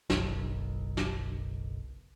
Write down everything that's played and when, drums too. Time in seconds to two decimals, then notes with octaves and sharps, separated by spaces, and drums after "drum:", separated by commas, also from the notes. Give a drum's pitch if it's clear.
0.10 F#1 B1, drum: snare
0.97 drum: snare